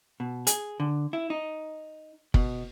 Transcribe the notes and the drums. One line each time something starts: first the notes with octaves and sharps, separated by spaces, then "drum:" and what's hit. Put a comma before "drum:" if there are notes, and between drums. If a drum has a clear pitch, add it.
B2
G#4, drum: hi-hat
D3
E4
D#4
B2, drum: kick